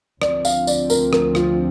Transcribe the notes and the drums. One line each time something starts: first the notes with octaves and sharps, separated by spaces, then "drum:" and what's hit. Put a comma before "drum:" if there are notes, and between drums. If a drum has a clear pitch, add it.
D2 D3 F3 C4 D5, drum: rim click
F5, drum: tambourine
D5, drum: tambourine
A#4, drum: tambourine
A#4, drum: rim click
F4, drum: rim click